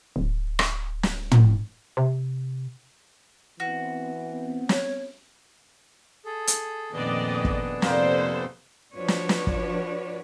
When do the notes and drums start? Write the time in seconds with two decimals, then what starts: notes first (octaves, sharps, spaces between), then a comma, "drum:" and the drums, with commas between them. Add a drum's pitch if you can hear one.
0.16 D1
0.59 drum: rim click
1.03 drum: snare
1.31 drum: tom
1.97 C3
3.60 E3 B3 C4 F#4
4.69 C#5, drum: snare
6.25 G#4 A4
6.47 drum: hi-hat
6.93 F2 A#2 D#3 B3 D4 G#4 D5 D#5
7.45 D6, drum: kick
7.82 F2 C3 A#3 A4 C5 D5 G5, drum: snare
8.95 F3 D4 F#4 B4 C#5 D5
9.08 drum: snare
9.29 drum: snare
9.47 drum: kick